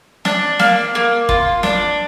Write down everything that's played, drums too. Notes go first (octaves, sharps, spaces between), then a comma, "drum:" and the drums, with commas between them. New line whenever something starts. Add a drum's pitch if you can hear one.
D4, drum: snare
A#3, drum: snare
A#3
F4, drum: kick
D4, drum: snare